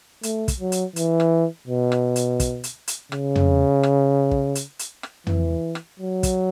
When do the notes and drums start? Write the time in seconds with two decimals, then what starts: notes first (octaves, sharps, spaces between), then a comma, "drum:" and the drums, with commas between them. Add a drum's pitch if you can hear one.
0.23 A3, drum: hi-hat
0.48 drum: kick, hi-hat
0.60 F#3
0.72 drum: hi-hat
0.96 E3, drum: hi-hat
1.20 drum: rim click
1.67 B2
1.92 drum: rim click
2.16 drum: hi-hat
2.40 drum: kick, hi-hat
2.64 drum: hi-hat
2.88 drum: hi-hat
3.12 C#3, drum: rim click
3.35 drum: tom
3.83 drum: rim click
4.31 drum: kick
4.55 drum: hi-hat
4.79 drum: hi-hat
5.03 drum: rim click
5.27 E3, drum: tom
5.75 drum: rim click
5.99 F#3
6.23 drum: kick, hi-hat